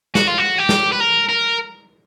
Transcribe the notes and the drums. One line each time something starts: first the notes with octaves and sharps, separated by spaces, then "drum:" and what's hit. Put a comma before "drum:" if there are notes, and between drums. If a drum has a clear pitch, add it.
F#4, drum: snare
F4
F#4
G4
drum: snare
B4
A#4
A#4